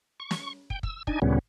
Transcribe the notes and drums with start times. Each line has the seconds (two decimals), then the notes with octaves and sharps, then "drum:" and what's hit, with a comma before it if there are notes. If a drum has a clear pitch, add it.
0.20 C#6
0.31 drum: snare
0.70 G5, drum: kick
0.83 E6, drum: kick
1.07 D4 D#4 G#5, drum: kick
1.22 D2 A#2 C#3 G3 B3 C#4